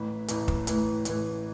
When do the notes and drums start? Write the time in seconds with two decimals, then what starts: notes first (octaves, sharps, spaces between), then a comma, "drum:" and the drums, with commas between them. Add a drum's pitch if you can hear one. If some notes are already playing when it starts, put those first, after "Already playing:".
Already playing: A1 A2 E3 B5
0.28 A1 A2 E3, drum: hi-hat
0.48 drum: kick
0.67 A1 A2 E3, drum: hi-hat
1.05 A1 A2 E3, drum: hi-hat